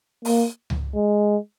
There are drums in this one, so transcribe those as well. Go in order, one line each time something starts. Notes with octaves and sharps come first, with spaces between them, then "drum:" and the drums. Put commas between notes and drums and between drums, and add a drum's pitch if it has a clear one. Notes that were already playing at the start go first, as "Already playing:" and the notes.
A#3, drum: open hi-hat
drum: tom C#2
G#3